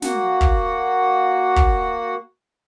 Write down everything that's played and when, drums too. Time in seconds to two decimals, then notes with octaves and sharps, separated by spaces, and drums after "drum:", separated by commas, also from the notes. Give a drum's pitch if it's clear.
0.02 A#3 F#4 F#5, drum: snare
0.41 drum: kick
1.56 drum: kick